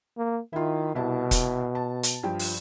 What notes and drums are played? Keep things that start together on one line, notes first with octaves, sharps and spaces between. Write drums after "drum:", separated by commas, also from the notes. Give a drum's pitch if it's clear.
A#3
D#3 E4 F4
C2 B2 E4 A5
drum: kick E1, hi-hat
A5
drum: hi-hat
G2 F3 G5
drum: open hi-hat